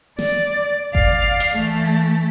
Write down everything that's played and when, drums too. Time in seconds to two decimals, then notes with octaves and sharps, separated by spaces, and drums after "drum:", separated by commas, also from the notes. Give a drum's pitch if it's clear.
0.19 D5, drum: snare
0.95 D5 F5, drum: kick G1
1.40 drum: hi-hat
1.52 E3 A3